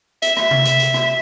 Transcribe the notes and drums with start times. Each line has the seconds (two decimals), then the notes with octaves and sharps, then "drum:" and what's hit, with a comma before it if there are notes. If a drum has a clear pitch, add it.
0.22 E5, drum: hi-hat
0.37 drum: rim click
0.51 drum: tom C3
0.65 drum: hi-hat
0.80 drum: hi-hat
0.94 drum: rim click